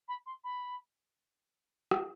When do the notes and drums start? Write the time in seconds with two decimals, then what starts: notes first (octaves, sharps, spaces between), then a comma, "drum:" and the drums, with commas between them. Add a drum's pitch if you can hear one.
0.08 B5
0.26 C6
0.44 B5
1.91 drum: rim click